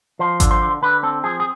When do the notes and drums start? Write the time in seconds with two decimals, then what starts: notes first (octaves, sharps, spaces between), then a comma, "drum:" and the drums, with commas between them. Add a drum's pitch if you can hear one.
0.19 F3 C5
0.40 D3, drum: kick G#1, hi-hat
0.51 C5
0.61 D3
0.82 D3 B4
1.03 C4 A4
1.24 F3 G#4
1.40 G#4